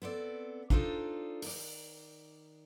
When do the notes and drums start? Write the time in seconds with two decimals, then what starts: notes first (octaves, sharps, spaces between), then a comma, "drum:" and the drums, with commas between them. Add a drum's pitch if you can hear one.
0.02 B3 C4 A4 D5
0.70 D4 D#4 F4 A4 C5 D5, drum: kick A1
1.42 D#3 D5, drum: open hi-hat